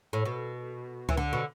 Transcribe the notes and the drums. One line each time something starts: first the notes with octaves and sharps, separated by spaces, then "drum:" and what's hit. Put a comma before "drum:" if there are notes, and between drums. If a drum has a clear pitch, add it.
A2
B2
E3, drum: tom C#2
D3
B2